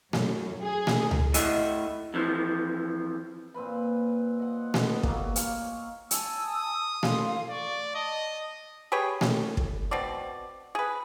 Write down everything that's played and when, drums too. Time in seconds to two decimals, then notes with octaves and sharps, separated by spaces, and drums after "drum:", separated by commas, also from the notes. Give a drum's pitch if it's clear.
0.13 F#2, drum: snare A3
0.63 G#4
0.87 drum: snare A3
1.11 drum: tom C#2
1.34 A2 D#5 E5, drum: hi-hat
2.14 F2 E3 F3
3.54 A#2 C4 B4 B5
4.40 D#5 F#5
4.74 B3, drum: snare A3
5.03 F#3 G3 A#3, drum: kick
5.36 C#5 F5 G#5, drum: hi-hat
6.11 G#5 A5 E6, drum: hi-hat
6.42 D#6
7.03 F5 C6, drum: snare A3
7.51 D5 C#6
7.95 D#5 A5
8.92 G4 G#4 B4 C#5
9.21 drum: snare A3
9.57 drum: kick
9.91 B2 C4 D5
10.75 G#4 B4